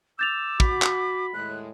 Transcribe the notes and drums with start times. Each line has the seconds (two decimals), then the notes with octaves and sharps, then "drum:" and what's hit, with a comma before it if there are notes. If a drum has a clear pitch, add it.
0.19 D6 E6 G6 A6 F7
0.60 F#4 B5, drum: kick
0.82 drum: clap
1.34 D#2 A2 G#3 F#6